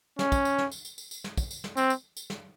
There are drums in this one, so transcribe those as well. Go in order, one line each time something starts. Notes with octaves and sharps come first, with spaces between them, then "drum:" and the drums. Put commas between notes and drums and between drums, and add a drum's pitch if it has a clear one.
C#4, drum: snare
drum: kick, tambourine
drum: tambourine
drum: snare
drum: tambourine
drum: tambourine
drum: tambourine
drum: tambourine
drum: snare
drum: kick, tambourine
drum: tambourine
drum: snare
C4, drum: tambourine
drum: tambourine
drum: tambourine
drum: snare